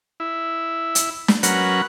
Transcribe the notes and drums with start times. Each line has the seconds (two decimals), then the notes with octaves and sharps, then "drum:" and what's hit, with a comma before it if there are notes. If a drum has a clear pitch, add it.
0.20 E4
0.95 drum: hi-hat
1.28 drum: snare
1.43 F#3 C#4 A#4 B4 F#5, drum: hi-hat